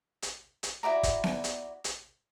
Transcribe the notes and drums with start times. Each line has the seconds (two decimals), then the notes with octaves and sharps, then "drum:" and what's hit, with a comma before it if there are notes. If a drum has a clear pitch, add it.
0.22 drum: hi-hat
0.63 drum: hi-hat
0.83 E4 F#4 D5 A#5
1.03 drum: kick, hi-hat
1.24 drum: snare B3
1.44 drum: hi-hat
1.84 drum: hi-hat